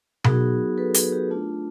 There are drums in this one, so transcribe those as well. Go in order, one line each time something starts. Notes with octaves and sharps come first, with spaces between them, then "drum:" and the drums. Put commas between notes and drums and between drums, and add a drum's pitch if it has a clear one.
F#3 B3 D#4 F#4 G#4 A#4, drum: tom B2
A4 B4
G#4 A#4, drum: hi-hat
G4
A3 D4 F4